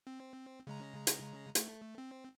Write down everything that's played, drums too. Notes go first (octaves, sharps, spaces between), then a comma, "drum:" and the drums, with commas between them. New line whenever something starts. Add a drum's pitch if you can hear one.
C4
C#3 G#3 A#5
drum: hi-hat
A3, drum: hi-hat
C4